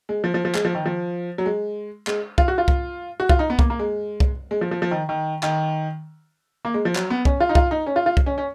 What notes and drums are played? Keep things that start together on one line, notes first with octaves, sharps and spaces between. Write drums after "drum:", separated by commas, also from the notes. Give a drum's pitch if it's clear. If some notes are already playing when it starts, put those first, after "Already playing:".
G#3
F3
F3
F3
G#3, drum: clap
F3
D#3
F3
F#3
G#3
G#3, drum: clap
F4, drum: kick C2
F#4
F4
drum: kick C2
F#4
F4, drum: kick C2
D#4
B3
A#3, drum: kick C2
A#3
G#3
drum: kick C2
G#3
F3
F3
F3
D#3
D#3
D#3, drum: clap
A#3
G#3
F3
F#3, drum: clap
B3
C#4, drum: kick C2
F4
D#4
F4, drum: kick C2
D#4
C#4
F4
F4
drum: kick C2
C#4
C#4